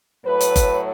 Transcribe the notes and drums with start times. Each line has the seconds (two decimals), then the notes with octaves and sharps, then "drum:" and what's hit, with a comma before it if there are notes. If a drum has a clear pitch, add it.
0.25 A2 F#3 A3 B4
0.41 drum: hi-hat
0.56 drum: kick F#1, hi-hat